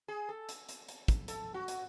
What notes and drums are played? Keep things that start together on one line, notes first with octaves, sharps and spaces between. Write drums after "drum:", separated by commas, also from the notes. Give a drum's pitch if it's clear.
G#4
A4
drum: hi-hat
drum: hi-hat
drum: hi-hat
drum: kick, hi-hat
A4, drum: hi-hat
F#4
drum: hi-hat